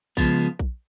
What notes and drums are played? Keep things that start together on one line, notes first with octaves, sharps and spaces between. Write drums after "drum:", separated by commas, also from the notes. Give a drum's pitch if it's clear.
C#3 F3 G#3 B3, drum: kick A#1
drum: kick A#1